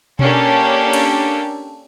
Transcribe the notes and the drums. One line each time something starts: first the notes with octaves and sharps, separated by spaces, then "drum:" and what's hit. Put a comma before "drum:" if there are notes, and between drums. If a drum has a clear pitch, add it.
A#3 C#4 D4 G4 A4, drum: tom B2
drum: cymbal